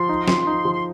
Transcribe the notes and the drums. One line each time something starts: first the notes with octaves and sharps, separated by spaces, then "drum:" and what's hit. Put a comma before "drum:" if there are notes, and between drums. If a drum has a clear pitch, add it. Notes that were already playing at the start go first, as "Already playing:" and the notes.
Already playing: F3 C6
D#4
F3, drum: snare
D#4
F3
C6